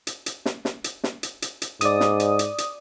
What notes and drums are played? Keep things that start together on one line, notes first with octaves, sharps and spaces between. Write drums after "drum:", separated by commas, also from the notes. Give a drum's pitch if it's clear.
drum: hi-hat
drum: hi-hat
drum: snare
drum: snare
drum: hi-hat
drum: snare
drum: hi-hat
drum: hi-hat
drum: hi-hat
G#2 D5 D#6, drum: hi-hat
drum: snare
drum: hi-hat
drum: hi-hat
drum: hi-hat